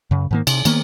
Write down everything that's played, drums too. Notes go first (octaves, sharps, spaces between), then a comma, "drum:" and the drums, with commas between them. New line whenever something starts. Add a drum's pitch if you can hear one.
F#2 C#3
G#2 D#3 A#3
C3, drum: cymbal
D#3 A#3 B3, drum: cymbal